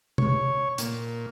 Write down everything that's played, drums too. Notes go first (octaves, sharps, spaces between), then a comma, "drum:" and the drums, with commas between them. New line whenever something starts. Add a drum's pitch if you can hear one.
C#5, drum: tom C3
A#2, drum: hi-hat